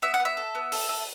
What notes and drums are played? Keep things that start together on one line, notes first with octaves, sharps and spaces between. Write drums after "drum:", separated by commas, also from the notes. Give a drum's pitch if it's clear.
B3 E5
F#5
B3
E5
A4
B3
A4, drum: open hi-hat
A4